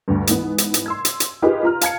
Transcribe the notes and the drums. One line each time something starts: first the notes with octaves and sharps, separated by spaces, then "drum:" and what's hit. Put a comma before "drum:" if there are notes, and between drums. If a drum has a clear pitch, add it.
D2 G2
G#2 E3 B3, drum: hi-hat
drum: hi-hat
drum: hi-hat
C6 E6 G#6
drum: hi-hat
drum: hi-hat
D#4 F4 G4 G#4 A#4 B4
F4 A#5 F6
F5 A5 G#6 C#7, drum: hi-hat